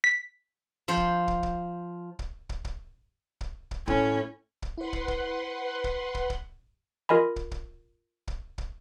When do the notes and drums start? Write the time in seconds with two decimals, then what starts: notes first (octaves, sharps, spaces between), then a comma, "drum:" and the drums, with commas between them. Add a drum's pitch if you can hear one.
0.04 B6
0.88 F3 C5
0.97 drum: kick
1.28 drum: kick
1.43 drum: kick
2.19 drum: kick
2.49 drum: kick
2.65 drum: kick
3.41 drum: kick
3.71 drum: kick
3.87 A2 C#4, drum: kick
4.62 drum: kick
4.78 E4 B4 C5 F#5 C6
4.93 drum: kick
5.08 drum: kick
5.84 drum: kick
6.15 drum: kick
6.30 drum: kick
7.09 F4 A#4 D#5 G#5 B5
7.36 drum: kick
7.51 drum: kick
8.28 drum: kick
8.58 drum: kick